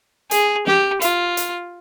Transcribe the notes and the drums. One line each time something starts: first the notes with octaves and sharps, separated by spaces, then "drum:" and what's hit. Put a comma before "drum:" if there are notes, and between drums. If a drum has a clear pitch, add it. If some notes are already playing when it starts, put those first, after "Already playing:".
G#4, drum: hi-hat
G4, drum: snare
F4, drum: hi-hat
drum: hi-hat